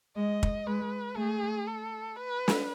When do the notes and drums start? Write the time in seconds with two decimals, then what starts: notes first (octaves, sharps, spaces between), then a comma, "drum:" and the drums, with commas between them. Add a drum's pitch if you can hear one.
0.16 G#3 D#5
0.43 drum: kick
0.67 G#3 B4
1.16 A3 G#4
1.67 A4
2.16 B4
2.48 drum: snare